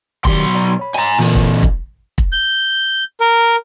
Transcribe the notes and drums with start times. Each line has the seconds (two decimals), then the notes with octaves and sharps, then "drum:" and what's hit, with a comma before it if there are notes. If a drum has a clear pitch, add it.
0.25 B1 D#3 G4 D5 C6, drum: kick
0.55 D5 A#5
0.79 C#5 B5
0.96 G#5 A#5
1.19 A#2 D3 E3
1.35 drum: kick
1.63 drum: kick
2.18 drum: kick
2.32 G6
3.20 A#4